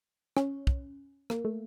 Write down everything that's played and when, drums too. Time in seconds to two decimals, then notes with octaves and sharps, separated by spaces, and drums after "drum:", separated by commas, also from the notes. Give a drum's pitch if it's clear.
0.37 C#4, drum: rim click
0.67 drum: kick
1.30 A#3, drum: rim click
1.45 A3